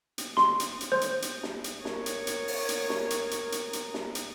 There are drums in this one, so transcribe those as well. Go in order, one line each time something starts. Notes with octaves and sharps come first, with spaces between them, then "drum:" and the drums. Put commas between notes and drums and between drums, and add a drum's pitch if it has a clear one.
drum: hi-hat
C6, drum: snare
drum: hi-hat
drum: hi-hat
C5
drum: hi-hat
drum: hi-hat
drum: snare
drum: hi-hat
A#4 C#5, drum: snare
drum: hi-hat
drum: hi-hat
drum: open hi-hat
drum: hi-hat
drum: snare
drum: hi-hat
drum: hi-hat
drum: hi-hat
drum: hi-hat
drum: snare
drum: hi-hat